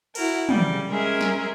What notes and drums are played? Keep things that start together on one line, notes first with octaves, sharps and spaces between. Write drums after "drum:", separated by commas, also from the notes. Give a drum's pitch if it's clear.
E4 F#4 A#4, drum: cymbal
C#3 G3, drum: tom
G#3 C#4 G#4 A#4 E5 G#5
drum: snare